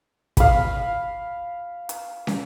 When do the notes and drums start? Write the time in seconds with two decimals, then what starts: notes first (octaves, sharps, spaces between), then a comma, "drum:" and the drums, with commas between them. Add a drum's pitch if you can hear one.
0.37 F5 B5, drum: kick, hi-hat
1.89 drum: hi-hat
2.27 drum: snare